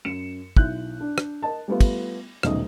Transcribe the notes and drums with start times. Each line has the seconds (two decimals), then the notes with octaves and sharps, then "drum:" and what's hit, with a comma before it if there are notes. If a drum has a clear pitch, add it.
0.05 F#2 C#7 E7
0.57 B1 E4 F#6 G6, drum: kick
1.00 D4
1.18 drum: rim click
1.42 A#4 D#5 A5
1.68 G3 A3 B3 F4
1.81 drum: kick, cymbal
2.43 D#1 B1 C#3 A3 D#5 D#6, drum: rim click